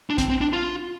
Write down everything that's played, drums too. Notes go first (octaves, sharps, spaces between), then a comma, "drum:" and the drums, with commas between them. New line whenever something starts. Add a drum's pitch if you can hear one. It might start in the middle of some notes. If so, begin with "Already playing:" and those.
D4
C4, drum: kick, hi-hat
C4
D4
F4